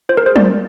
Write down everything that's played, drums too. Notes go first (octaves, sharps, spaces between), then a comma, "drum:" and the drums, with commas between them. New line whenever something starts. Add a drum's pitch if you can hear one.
F4 C5
A#4
G#4 C5
D5, drum: tom F#3
F4